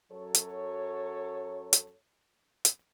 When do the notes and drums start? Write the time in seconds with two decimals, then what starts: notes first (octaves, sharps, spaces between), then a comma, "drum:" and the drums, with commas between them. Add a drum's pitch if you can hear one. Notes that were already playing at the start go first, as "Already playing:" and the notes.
0.11 F#2 F#3 A4 C#5
0.34 drum: hi-hat
1.73 drum: hi-hat
2.65 drum: hi-hat